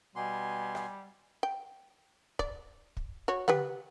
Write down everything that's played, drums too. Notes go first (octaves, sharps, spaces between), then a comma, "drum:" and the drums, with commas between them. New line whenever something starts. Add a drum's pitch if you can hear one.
B2 G3 B3 G#5 C6
drum: rim click
G5
D5, drum: kick
drum: kick
F#4 C#5
G4 B4 F#5, drum: tom